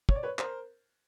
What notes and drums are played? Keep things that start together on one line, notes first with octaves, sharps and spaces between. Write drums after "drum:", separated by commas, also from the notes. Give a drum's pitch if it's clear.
C#5, drum: kick
D5
B4 C#5
A#4 C5, drum: clap